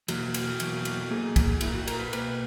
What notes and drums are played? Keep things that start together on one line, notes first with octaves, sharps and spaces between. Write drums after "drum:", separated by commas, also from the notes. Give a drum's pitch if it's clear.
E2 B2 F#3 A#3 F#4, drum: cymbal
drum: cymbal
E2 B2 F#3 A#3, drum: cymbal
drum: cymbal
A#2 A#3 G#4
drum: kick, cymbal
A#2 A#3 E4, drum: cymbal
F#4
A#4, drum: cymbal
B4
B2 A#3 B4, drum: cymbal